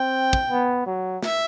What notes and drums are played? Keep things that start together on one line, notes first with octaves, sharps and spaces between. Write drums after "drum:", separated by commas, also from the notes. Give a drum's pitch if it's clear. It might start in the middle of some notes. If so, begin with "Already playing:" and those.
Already playing: C4 G5
drum: kick
B3
F#3
E5, drum: snare